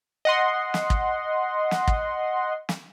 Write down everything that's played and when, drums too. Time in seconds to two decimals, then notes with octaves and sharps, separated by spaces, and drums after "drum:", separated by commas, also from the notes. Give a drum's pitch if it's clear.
0.25 D#5 F#5 C6
0.74 drum: snare
0.90 drum: kick
1.71 drum: snare
1.88 drum: kick
2.69 drum: snare